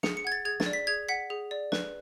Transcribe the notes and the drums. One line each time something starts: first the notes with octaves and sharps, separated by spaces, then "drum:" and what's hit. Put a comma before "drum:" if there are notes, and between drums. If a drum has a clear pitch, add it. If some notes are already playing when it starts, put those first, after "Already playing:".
G#4 C#7, drum: snare
C#7
F#5 G#6
A6
G#4 G#6
A6, drum: snare
D5
B6
G#4 G#6
F#5 B6
G#4
D5
B4, drum: snare